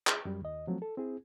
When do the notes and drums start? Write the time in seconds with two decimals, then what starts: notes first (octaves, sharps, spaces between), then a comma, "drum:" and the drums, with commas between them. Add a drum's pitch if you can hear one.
0.07 G#4, drum: clap
0.25 F#2 G3
0.42 D#2 D#5
0.67 F3 F#3 A3 C4
0.82 A4
0.97 C4 E4 G#4